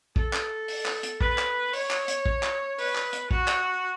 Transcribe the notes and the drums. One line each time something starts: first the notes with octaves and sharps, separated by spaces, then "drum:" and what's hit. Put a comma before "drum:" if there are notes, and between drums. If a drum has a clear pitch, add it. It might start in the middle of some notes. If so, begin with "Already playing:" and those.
A4, drum: kick
drum: clap
drum: open hi-hat
drum: clap
drum: hi-hat
B4, drum: kick
drum: clap
C#5, drum: open hi-hat
drum: clap
drum: hi-hat
drum: kick
drum: clap
B4, drum: open hi-hat
drum: clap
drum: hi-hat
F#4, drum: kick
drum: clap